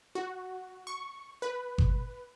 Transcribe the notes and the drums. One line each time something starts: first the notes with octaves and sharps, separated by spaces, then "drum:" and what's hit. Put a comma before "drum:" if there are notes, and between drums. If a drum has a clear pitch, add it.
F#4
C#6
B4
drum: kick G1